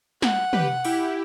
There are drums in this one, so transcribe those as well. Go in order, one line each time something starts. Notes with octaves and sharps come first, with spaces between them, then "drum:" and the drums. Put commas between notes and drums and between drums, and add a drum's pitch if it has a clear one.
F#5, drum: snare
G4 B4, drum: tom
E4 G4, drum: open hi-hat